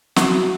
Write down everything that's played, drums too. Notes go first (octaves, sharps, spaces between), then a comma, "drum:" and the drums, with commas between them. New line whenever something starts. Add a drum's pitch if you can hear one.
F#4, drum: snare